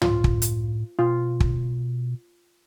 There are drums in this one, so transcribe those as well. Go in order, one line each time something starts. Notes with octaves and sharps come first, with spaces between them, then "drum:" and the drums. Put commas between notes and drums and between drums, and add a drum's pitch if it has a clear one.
A2 F4, drum: tom
drum: kick
drum: hi-hat
B2 F4
drum: kick